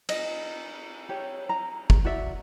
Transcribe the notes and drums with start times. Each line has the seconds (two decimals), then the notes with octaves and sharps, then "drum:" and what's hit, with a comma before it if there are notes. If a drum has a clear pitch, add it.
0.09 D#5, drum: cymbal
1.09 G4 C#5
1.49 A#5
1.90 drum: kick
2.05 F#4 D5 E5